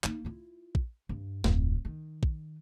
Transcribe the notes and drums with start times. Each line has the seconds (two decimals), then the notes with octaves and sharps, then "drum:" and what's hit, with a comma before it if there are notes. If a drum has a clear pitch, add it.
0.04 A#3 D#4, drum: clap
0.25 E4 F4
0.75 drum: kick
1.09 G2
1.44 D1 F2, drum: snare
1.85 D#3
2.23 drum: kick